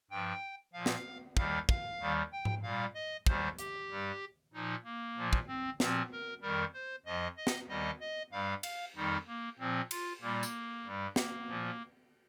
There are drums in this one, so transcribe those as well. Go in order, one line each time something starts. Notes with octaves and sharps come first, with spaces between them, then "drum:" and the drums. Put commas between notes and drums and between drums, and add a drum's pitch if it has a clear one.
G2 F3 G5
A#2 F3 F5
drum: snare
D#2 D#3 G3 F5, drum: kick
F5, drum: kick
D#2 D#3 G3
G5
drum: tom G#2
A#2 G3 F5
D#5
D#2 D#3 G3 C5, drum: kick
G4, drum: hi-hat
G2 G3
A#2 F3 D#4
A#3
A#2 F3
drum: kick
C4
A#2 F3 C4, drum: snare
A#4
F2 D#3 G3 A#4
C5
F2 F3 D#5
D#5
drum: snare
D#2 D#3 G3 D#5
D#5
G2 G3 F5
F5, drum: cymbal
F2 D#3 G3 D#4
A#3
A#2 F3 C4
F4, drum: cymbal
A#2 G3 A#3
drum: tambourine
G2 G3
A#3, drum: snare
A#2 F3